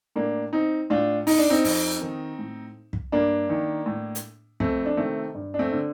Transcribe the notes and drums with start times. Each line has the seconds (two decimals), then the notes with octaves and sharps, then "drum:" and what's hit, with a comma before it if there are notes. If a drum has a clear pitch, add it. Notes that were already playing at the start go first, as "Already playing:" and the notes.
0.16 A2 A#3 D4
0.53 C4 D#4
0.90 A2 D4 F4
1.27 D#4, drum: open hi-hat
1.38 D4
1.50 C4 D#4
1.64 F2, drum: open hi-hat
2.01 D#3
2.39 A2
2.93 drum: kick
3.12 G2 A#3 D4
3.49 D#3
3.86 A2
4.15 drum: hi-hat
4.60 F2 A3 C4, drum: kick
4.86 D4
4.97 C3 D#3 A3 C4
5.35 G2
5.54 D4
5.59 A3 C4
5.72 D3